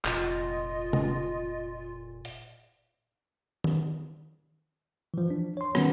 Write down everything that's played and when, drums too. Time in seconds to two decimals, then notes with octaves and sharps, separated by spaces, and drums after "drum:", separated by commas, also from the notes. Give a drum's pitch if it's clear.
0.05 F1 A#2 F4 D#5, drum: clap
0.93 drum: tom C3
2.25 drum: open hi-hat
3.64 drum: tom D#3
5.14 E3 F3
5.30 D4
5.57 C#5 C6
5.75 D#3 G3 B3 C#4, drum: rim click